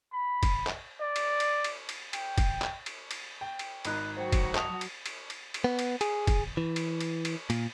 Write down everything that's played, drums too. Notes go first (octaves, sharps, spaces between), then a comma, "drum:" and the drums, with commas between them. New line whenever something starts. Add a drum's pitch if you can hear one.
B5
drum: kick, cymbal
drum: clap
D5
drum: cymbal
drum: cymbal
drum: cymbal
drum: cymbal
G5, drum: cymbal
drum: kick, cymbal
drum: clap
drum: cymbal
drum: cymbal
G5
drum: cymbal
G#1 D#4 A#5 B5 F#6, drum: cymbal
F#3 F#4 C5 G5
drum: kick, cymbal
A5 D#6 F7, drum: clap
drum: cymbal
drum: cymbal
drum: cymbal
drum: cymbal
B3
drum: cymbal
G#4, drum: cymbal
drum: kick, cymbal
E3
drum: cymbal
drum: cymbal
drum: cymbal
A#2, drum: cymbal